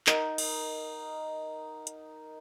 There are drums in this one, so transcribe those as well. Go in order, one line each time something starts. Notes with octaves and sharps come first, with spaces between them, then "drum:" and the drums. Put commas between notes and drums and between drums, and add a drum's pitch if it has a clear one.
D#4 A#4 F#5, drum: clap
drum: cymbal
drum: hi-hat